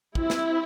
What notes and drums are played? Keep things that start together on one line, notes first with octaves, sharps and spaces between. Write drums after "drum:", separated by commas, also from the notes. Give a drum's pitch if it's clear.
G3 C4 E4, drum: kick
drum: snare